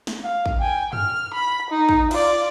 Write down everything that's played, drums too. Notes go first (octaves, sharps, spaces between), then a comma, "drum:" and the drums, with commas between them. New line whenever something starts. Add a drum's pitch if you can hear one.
drum: snare
F5
drum: kick
G5 G#5
F6, drum: tom
B5
D#4
drum: kick
F4 D5, drum: cymbal